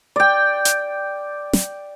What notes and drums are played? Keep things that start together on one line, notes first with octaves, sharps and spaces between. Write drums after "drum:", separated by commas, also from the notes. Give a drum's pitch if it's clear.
D5 G5
drum: hi-hat
drum: snare